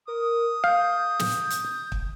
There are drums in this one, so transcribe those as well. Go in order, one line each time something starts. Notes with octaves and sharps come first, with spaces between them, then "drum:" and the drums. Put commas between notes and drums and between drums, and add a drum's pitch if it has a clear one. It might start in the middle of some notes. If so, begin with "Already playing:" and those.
A#4 D#6
F5 G6
drum: snare
drum: hi-hat
drum: kick